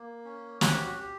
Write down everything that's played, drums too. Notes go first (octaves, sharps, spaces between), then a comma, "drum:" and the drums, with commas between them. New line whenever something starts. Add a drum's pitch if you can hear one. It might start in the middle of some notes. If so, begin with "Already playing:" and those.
Already playing: A#3
C#4
F#4 G4, drum: snare
F#4
G4